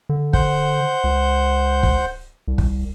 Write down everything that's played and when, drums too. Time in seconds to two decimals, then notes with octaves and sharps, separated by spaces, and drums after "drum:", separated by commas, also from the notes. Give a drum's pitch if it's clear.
0.09 D3
0.33 C5 F#5 G6, drum: kick
1.04 C#2
1.83 drum: kick
2.47 C2
2.58 drum: kick